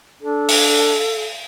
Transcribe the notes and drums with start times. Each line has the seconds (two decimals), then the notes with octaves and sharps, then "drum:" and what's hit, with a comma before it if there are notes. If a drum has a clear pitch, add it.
0.22 D4 A4
0.49 drum: open hi-hat